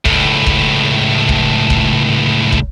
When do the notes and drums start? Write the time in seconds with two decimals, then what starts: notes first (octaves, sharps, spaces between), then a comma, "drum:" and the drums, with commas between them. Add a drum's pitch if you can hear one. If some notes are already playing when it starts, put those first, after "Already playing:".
0.05 C#2 A2, drum: kick
0.46 drum: kick
1.29 drum: kick
1.70 drum: kick
2.52 drum: kick